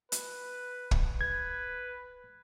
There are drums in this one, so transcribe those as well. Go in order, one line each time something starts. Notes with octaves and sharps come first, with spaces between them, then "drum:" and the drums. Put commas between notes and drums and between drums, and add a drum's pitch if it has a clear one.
B4, drum: hi-hat
drum: kick
B4 G#6